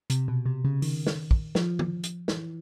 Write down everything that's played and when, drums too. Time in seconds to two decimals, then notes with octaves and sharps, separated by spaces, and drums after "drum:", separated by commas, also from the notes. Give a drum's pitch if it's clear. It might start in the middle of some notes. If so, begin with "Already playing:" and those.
0.10 C3, drum: hi-hat
0.28 B2
0.46 C3
0.64 C#3
0.82 D#3, drum: open hi-hat
1.07 drum: snare
1.31 drum: kick
1.55 F3, drum: snare
1.79 drum: tom
2.04 drum: hi-hat
2.28 E3, drum: snare